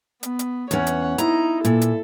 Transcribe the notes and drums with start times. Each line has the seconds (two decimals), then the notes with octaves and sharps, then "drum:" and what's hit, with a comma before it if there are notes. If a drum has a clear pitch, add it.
0.23 B3, drum: hi-hat
0.39 drum: hi-hat
0.71 E2 C#4 C#5 F#5, drum: hi-hat
0.87 drum: hi-hat
1.18 D#4 E4 A#5, drum: hi-hat
1.65 A#2 A4, drum: hi-hat
1.81 drum: hi-hat